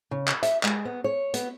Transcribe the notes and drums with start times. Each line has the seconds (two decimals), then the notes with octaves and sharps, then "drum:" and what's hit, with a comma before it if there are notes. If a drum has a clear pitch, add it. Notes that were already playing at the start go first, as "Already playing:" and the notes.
0.11 C#3
0.28 drum: clap
0.43 E5, drum: hi-hat
0.63 G#3, drum: clap
0.85 B3
1.04 C#5
1.34 B3, drum: hi-hat